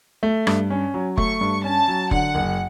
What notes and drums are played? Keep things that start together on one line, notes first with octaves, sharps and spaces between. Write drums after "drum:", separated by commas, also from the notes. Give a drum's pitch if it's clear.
A3
G2, drum: rim click
C#4
F#3
A3 C#6, drum: kick F1
G2
C#4 A5
F#3
D3 F#5, drum: kick F1
F#1